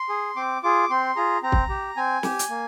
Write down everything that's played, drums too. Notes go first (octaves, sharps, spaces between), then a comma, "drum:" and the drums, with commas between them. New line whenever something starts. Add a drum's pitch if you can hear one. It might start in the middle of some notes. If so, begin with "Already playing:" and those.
Already playing: C6
G#4
C4 D6
F4 G#4 D6
C4 C6
F4 G#4 A#5
C4 A#5
drum: kick
G4
C4 G#5
G4, drum: snare
drum: hi-hat
A#3